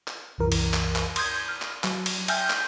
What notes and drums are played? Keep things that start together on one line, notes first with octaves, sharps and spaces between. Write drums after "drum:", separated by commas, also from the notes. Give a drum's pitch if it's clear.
drum: clap
C2 F#2 E3 A#4
drum: cymbal
drum: clap
drum: clap
C6 D#6 G6 G#6, drum: cymbal
F6
drum: clap
F#3, drum: clap
drum: cymbal
E5 G5 G#5 F6 G6, drum: cymbal
drum: clap